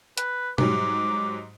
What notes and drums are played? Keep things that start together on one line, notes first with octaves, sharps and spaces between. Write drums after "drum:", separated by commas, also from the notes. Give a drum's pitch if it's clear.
B4, drum: hi-hat
G#2 F#3 G3 D6, drum: tom B2